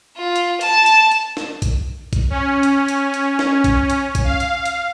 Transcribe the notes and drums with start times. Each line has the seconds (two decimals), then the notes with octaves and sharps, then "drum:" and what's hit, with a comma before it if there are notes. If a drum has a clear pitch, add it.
0.17 F4
0.36 drum: hi-hat
0.61 A5, drum: hi-hat
0.86 drum: hi-hat
1.11 drum: hi-hat
1.37 drum: snare
1.62 drum: kick A#1, hi-hat
2.13 drum: kick A#1, hi-hat
2.30 C#4
2.63 drum: hi-hat
2.88 drum: hi-hat
3.14 drum: hi-hat
3.39 drum: snare
3.64 drum: kick A#1, hi-hat
3.90 drum: hi-hat
4.15 drum: kick A#1, hi-hat
4.24 F5
4.40 drum: hi-hat
4.65 drum: hi-hat